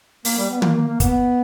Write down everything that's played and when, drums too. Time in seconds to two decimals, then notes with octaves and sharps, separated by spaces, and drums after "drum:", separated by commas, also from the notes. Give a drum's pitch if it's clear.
0.25 A#3, drum: open hi-hat
0.37 G3
0.50 B3
0.62 A#3, drum: tom
0.75 A#3
0.87 A#3
1.00 B3, drum: kick, hi-hat